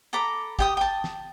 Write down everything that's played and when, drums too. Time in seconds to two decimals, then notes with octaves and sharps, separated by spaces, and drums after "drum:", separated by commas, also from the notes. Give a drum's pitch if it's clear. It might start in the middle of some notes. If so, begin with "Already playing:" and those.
0.13 A4 A#5 B5 D6
0.59 G4 G5 D#6, drum: kick
0.77 G5 A5
1.04 drum: snare